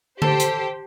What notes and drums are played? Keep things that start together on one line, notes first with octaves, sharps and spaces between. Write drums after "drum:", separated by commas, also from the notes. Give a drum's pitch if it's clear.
G4 A4 C5, drum: tom D3
drum: hi-hat